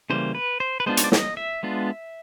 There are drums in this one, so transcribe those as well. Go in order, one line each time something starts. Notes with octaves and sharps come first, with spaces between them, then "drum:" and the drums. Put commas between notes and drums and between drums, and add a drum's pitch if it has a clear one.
C#3 E3 G3 A#3 C5
B4
C5
B4
G#3 B3 D4 F4 C5
C#5, drum: hi-hat
D5
D#5, drum: snare
E5
G#3 B3 D4 F4